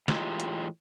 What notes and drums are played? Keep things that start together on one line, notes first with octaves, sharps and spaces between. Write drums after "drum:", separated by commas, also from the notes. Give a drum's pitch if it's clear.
A2 E3 G#3 D#4 F4 G4, drum: snare
drum: hi-hat